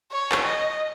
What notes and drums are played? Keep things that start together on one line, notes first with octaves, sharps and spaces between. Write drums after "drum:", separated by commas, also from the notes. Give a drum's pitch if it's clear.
C#5
drum: clap
D#5